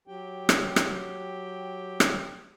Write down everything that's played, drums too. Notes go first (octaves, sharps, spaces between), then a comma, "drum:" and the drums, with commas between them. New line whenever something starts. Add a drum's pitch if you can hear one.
F#3 G4 G5
drum: rim click
drum: rim click
drum: rim click